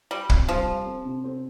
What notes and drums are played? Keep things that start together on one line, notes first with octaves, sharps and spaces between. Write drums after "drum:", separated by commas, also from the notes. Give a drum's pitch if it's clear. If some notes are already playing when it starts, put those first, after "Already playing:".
G3 F4
C3, drum: kick
F3 G3
F4
C4
C3
C4